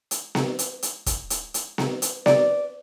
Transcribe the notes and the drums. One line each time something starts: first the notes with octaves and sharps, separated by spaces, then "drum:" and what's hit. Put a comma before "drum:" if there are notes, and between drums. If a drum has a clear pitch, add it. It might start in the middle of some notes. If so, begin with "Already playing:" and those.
drum: hi-hat
drum: snare B3
drum: hi-hat
drum: hi-hat
drum: kick, hi-hat
drum: hi-hat
drum: hi-hat
drum: snare B3
drum: hi-hat
D5, drum: snare B3